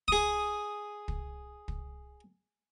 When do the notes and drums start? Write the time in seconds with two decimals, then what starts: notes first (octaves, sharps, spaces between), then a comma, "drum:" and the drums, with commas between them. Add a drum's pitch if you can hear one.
0.08 G#4 D#6, drum: kick
1.08 drum: kick
1.68 drum: kick